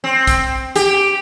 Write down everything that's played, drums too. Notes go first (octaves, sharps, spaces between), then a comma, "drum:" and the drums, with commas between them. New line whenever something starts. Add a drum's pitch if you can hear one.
C4
drum: kick, hi-hat
G4, drum: hi-hat